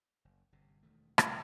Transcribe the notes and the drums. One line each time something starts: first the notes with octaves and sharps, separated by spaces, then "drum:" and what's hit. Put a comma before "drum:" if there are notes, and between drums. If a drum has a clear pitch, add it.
F#1
G1 C3
E1 D#3 A3
D3 F3 G3, drum: rim click